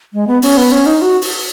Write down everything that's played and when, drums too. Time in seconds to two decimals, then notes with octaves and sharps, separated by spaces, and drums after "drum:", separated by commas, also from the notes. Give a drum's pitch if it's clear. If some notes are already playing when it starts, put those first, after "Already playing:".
0.13 G#3
0.28 B3
0.42 C#4, drum: open hi-hat
0.57 B3
0.72 C#4
0.86 D#4
1.02 F#4
1.22 drum: open hi-hat